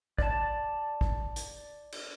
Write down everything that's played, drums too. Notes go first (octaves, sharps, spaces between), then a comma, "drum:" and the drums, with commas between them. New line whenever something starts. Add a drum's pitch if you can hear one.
D5 A5, drum: kick
drum: kick
drum: hi-hat
drum: cymbal